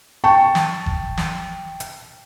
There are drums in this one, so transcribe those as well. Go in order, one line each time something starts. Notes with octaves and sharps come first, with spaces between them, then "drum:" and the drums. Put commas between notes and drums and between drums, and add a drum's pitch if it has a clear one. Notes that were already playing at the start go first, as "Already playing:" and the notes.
G5 A5 C#6
drum: snare
drum: kick F#1
drum: snare
drum: hi-hat